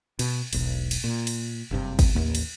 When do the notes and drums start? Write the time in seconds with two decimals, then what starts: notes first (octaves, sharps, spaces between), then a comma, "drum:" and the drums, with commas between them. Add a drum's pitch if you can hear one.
0.19 B2, drum: cymbal
0.53 E1 B1, drum: cymbal
0.91 drum: cymbal
1.04 A#2
1.27 drum: cymbal
1.71 F#1 G2 C3
1.99 drum: kick, cymbal
2.15 A1 D#2 A#3
2.35 drum: cymbal